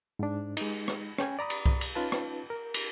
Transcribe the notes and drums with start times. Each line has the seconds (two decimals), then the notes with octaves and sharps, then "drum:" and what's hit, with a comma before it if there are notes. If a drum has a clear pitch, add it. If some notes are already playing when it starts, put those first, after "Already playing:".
0.19 G#2 D4
0.57 G#3 D#4, drum: cymbal
0.88 drum: rim click
1.18 C#4 G5 G#5, drum: rim click
1.39 D5 A#5 B5 D#6
1.50 drum: cymbal
1.66 drum: kick C2
1.81 drum: cymbal
1.95 C#4 D#4 F4 B4 A5
2.12 drum: rim click
2.50 A#4
2.74 drum: cymbal